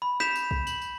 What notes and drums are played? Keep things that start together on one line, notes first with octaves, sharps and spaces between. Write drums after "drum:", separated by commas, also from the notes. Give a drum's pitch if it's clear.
B5
G6 B6 E7 F7, drum: snare
drum: tambourine
drum: kick
F#7, drum: tambourine
drum: tambourine